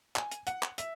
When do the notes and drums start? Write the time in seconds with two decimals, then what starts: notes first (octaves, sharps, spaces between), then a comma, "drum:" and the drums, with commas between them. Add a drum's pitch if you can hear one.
0.16 G#5, drum: clap
0.32 drum: hi-hat
0.47 F#5, drum: hi-hat
0.62 drum: clap
0.78 E5, drum: hi-hat